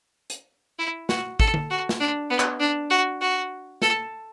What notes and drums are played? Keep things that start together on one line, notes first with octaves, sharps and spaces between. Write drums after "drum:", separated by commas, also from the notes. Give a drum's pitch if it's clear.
drum: hi-hat
E4
F#4, drum: snare
A4, drum: kick G#1
drum: tom D3
F#4
drum: snare
D4
B3
drum: clap
D4
F#4
F#4
A4, drum: snare